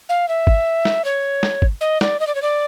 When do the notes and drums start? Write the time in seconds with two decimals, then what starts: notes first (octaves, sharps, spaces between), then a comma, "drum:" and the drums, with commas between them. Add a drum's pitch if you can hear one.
0.09 F5
0.28 E5
0.47 drum: kick G1
0.85 drum: snare
1.05 C#5
1.43 drum: snare
1.62 drum: kick G1
1.81 D#5
2.01 D5, drum: snare
2.20 D#5
2.27 D5
2.35 C#5
2.42 D5